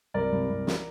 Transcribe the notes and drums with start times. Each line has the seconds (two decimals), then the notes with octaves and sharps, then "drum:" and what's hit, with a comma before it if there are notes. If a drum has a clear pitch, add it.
0.14 C2 A#4 D5
0.32 C2
0.50 C2
0.67 drum: snare